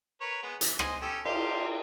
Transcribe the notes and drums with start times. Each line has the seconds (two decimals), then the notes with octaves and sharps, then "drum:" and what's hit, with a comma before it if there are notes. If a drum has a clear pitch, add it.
0.21 A#4 B4 C#5
0.43 G#3 B3
0.61 E3, drum: hi-hat
0.79 C5 D#5 G#5, drum: rim click
1.02 C#4 G4 A4
1.25 G4 C5 F5, drum: cymbal